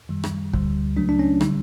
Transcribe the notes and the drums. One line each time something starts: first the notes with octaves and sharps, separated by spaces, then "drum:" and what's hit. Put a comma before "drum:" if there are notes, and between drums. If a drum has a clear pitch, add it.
F#2 D#3 G3
drum: rim click
D2 D3 G3, drum: kick
C#2 C#3 F#3 A3 D4
D4
C#4
D3 G3 D#4, drum: rim click